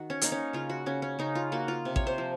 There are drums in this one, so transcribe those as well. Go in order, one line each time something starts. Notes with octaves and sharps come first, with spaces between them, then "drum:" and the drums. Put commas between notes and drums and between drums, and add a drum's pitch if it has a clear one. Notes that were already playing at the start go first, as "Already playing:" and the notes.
Already playing: D#3 F#4
C#4
A#3 D#4, drum: hi-hat
C#4
C#3 F4
F#4
C#3 C#4
C#4
C#3 D#4
F4
A#3 F#4
F4
C3
C#5, drum: kick A1
C5
F3